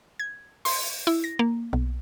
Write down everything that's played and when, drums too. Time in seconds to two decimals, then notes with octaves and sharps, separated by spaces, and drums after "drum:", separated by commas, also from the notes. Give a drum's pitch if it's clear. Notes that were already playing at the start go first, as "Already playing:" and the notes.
0.19 G#6
0.65 C6, drum: open hi-hat
1.07 E4
1.24 A#6
1.39 A#3
1.73 B1